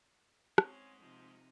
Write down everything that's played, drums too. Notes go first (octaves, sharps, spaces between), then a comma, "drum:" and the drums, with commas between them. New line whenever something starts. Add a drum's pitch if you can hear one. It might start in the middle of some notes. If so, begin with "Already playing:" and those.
G#3 C4 C#4 C5 G#6, drum: rim click
C3 F3 D#4